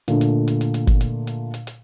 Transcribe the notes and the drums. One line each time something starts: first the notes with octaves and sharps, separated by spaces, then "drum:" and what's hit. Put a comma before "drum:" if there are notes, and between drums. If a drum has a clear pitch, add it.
A#2 D3 A3, drum: hi-hat
drum: hi-hat
drum: hi-hat
drum: hi-hat
drum: hi-hat
drum: kick G1, hi-hat
drum: hi-hat
drum: hi-hat
drum: hi-hat
drum: hi-hat